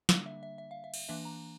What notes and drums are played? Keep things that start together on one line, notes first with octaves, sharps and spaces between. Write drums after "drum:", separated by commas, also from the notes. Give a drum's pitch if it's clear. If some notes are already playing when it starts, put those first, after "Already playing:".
D3 G3 A#3 D4 F5, drum: snare
E5
E5
E5
F5
E5
drum: cymbal
E3 A#3 D4 E5
A#5